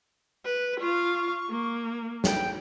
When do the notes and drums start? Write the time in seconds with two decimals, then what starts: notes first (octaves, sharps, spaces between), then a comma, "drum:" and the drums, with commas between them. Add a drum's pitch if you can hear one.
0.45 B4
0.81 F4 F5 C#6
1.50 A#3
2.24 G5, drum: snare